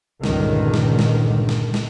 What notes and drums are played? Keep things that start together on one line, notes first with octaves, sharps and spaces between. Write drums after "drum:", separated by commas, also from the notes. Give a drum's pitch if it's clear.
C#2 G2 A#2 D3 D#3, drum: snare
drum: snare
drum: snare
drum: snare
drum: snare